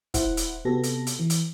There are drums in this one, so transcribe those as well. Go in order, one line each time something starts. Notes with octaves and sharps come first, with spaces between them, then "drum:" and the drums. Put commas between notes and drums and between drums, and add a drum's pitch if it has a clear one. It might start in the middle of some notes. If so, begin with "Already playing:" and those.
E4 C5 F#5, drum: kick, hi-hat
drum: hi-hat
C3 B3 F#4 G4 A4 A#6
drum: hi-hat
drum: hi-hat
E3
drum: hi-hat